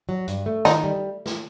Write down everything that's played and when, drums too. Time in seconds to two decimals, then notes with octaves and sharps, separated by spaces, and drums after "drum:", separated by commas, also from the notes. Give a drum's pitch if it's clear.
0.09 F#3
0.28 G2, drum: hi-hat
0.46 A3
0.65 D#3 D#4, drum: snare
0.84 G3
1.26 drum: snare